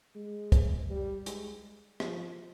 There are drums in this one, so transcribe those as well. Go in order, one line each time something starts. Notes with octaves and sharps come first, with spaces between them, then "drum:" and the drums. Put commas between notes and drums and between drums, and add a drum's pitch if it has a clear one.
G#3
drum: kick, hi-hat
G3
G#3, drum: hi-hat
F3, drum: rim click